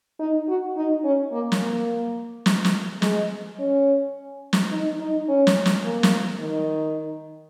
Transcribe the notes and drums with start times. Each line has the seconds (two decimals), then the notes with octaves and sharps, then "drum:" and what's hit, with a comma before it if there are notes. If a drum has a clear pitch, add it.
0.19 D#4
0.49 F#4
0.77 D#4
1.04 C#4
1.32 A#3
1.52 drum: snare
1.61 A#3
2.46 drum: snare
2.65 drum: snare
3.02 G#3, drum: snare
3.59 C#4
4.53 drum: snare
4.72 D#4
5.00 D#4
5.28 C#4
5.47 drum: snare
5.66 drum: snare
5.84 A#3
6.03 drum: snare
6.40 D#3